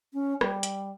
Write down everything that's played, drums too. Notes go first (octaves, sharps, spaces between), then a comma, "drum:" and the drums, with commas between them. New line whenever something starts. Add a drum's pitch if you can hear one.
C#4
G3, drum: rim click
drum: hi-hat